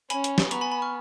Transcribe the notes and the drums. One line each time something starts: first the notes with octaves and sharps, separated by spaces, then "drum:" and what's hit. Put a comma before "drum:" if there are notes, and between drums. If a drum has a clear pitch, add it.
C#4 G#5 B5, drum: hi-hat
drum: hi-hat
drum: snare
B3 A#5 C#6, drum: hi-hat
G#5 B5
G#5 B5
C#6 F6